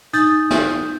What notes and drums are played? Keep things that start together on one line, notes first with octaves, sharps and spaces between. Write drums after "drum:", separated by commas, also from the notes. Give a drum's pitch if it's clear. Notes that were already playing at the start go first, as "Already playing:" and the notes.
D#4 D#6 G6 A6, drum: hi-hat
drum: snare